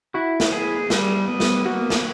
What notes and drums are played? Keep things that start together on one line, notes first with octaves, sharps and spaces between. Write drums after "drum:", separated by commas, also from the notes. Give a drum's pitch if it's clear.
E4 F#4
drum: snare
G#4
G3, drum: snare
B3
drum: snare
A#3 F#4
drum: snare